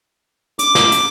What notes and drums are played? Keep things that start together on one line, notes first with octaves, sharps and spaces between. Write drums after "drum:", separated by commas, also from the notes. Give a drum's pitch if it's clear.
D6, drum: hi-hat
drum: snare
drum: hi-hat